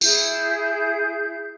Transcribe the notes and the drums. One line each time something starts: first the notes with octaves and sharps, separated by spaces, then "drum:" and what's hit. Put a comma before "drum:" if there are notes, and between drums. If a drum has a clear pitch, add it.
E4 G#4 G6, drum: tambourine